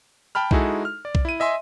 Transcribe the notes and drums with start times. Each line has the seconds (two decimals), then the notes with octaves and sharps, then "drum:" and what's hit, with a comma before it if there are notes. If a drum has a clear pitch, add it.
0.35 G5 A5 B5 F6
0.51 G#3 D#4 E4 F#4 G#4 A4, drum: kick B1
0.85 F6
1.05 D5
1.15 drum: kick B1
1.25 E4 D#7
1.40 D#5 E5 G#5 C6